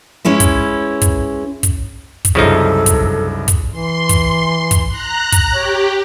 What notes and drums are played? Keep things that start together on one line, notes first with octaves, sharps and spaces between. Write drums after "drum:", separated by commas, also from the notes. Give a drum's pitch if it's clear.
G#3 C#4 E4 B4
drum: kick, hi-hat
drum: kick, hi-hat
drum: kick, hi-hat
drum: kick, hi-hat
C2 F#2 C#3 F3 D#4 A4
drum: kick, hi-hat
drum: kick, hi-hat
E3 C6
drum: kick, hi-hat
drum: kick, hi-hat
A#5 F#6
drum: kick, hi-hat
G4 C#5